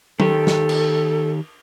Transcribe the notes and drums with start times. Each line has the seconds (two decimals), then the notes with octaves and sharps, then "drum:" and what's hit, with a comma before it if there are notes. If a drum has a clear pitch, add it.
0.20 D#3 G4 A4, drum: tom
0.47 drum: snare
0.69 drum: cymbal